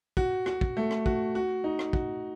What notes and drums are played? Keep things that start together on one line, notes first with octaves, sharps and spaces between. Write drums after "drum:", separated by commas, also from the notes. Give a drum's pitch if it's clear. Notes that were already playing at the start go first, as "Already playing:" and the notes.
F#4, drum: kick
F#4, drum: rim click
drum: kick
A3
drum: rim click
F#4, drum: kick
F#4
D#4
drum: rim click
F#4, drum: kick